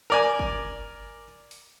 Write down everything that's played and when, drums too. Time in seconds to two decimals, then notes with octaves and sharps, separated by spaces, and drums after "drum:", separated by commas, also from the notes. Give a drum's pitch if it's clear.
0.10 A#4 D5 G#5
0.39 drum: kick
1.51 drum: open hi-hat